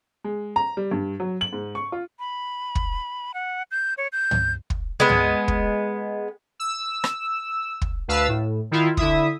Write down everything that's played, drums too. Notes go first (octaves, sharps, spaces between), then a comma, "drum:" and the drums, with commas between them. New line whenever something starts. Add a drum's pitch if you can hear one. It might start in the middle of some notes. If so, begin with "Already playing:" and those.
G#3
A#5
G3
G2
F#3
F#7
G#2
C#6
F4
B5
drum: kick
F#5
G6
C#5
G6
drum: tom
drum: kick
G#3 B3
drum: tom
drum: kick
E6
drum: rim click
drum: kick
D2 B4 F5 A5 E6
A2
D#3 E4 F4
D3 E4 E5 D#6, drum: kick